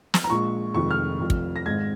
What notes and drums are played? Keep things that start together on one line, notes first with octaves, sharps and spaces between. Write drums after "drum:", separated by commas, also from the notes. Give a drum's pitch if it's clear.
drum: snare
A#5
A#1 A#2 G#3 C#6
F1 F2 D#3 G#3 C#6
F6
F1 F2 F3
drum: kick
A#6
G#1 G#2 G#3 G#6